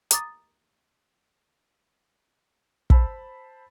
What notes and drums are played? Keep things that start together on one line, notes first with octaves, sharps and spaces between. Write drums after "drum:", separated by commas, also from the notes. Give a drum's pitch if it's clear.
A#5 D6 D#6 A6, drum: hi-hat
C5 A5 B5 E6, drum: kick